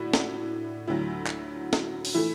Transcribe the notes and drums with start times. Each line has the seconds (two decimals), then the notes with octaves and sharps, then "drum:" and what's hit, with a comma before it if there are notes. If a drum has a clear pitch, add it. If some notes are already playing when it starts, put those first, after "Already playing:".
Already playing: A2 D4 E4 F#4
0.13 drum: snare
0.87 D2 D3 F#3 E4
1.27 drum: clap
1.73 drum: snare
2.05 drum: open hi-hat
2.14 E3 A3 E4